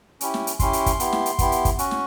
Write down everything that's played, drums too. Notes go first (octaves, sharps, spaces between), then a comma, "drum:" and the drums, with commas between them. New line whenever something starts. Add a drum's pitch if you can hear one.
C#4 E4 G4, drum: hi-hat
drum: snare
drum: hi-hat
C#4 E4 G4 C6, drum: kick, hi-hat
drum: hi-hat
drum: kick, hi-hat
B3 E4 G4, drum: hi-hat
drum: snare
drum: hi-hat
B3 E4 G4, drum: kick, hi-hat
drum: hi-hat
drum: kick, hi-hat
C#4 F#4, drum: hi-hat
drum: snare